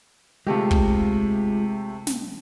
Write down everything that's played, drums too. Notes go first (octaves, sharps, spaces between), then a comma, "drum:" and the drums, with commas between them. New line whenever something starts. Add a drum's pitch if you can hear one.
C3 G#3 A3 F4 G4
drum: kick
drum: snare